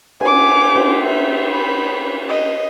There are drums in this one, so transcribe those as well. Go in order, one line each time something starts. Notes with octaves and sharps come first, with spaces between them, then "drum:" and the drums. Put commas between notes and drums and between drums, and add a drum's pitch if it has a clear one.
G#5 D6, drum: cymbal
drum: cymbal
E5
B5
D#5